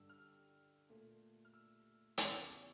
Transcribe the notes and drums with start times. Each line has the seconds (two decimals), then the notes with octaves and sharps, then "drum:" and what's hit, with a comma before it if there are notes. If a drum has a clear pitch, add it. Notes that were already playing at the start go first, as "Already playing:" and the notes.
Already playing: G2 D3 G3 E6
0.09 F6
0.89 A#2 A3
1.45 F6
1.54 E6
2.18 E2 C#3 E3 G3 E6, drum: hi-hat
2.29 E6
2.34 D6
2.49 C#6